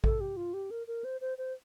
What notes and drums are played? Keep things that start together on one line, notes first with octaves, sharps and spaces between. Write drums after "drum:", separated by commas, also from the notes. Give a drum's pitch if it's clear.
A4, drum: kick A1
G4
F4
G4
A#4
A#4
C5
C5
C5